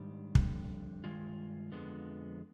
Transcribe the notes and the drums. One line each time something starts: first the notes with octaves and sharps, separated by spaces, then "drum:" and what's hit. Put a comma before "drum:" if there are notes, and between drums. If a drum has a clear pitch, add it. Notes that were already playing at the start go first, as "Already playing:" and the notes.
Already playing: G#2 D#3 G3 D4
F2 D3 G3, drum: kick
G2 D#3 G#3 F4
F2 D3 F3 G#3 B3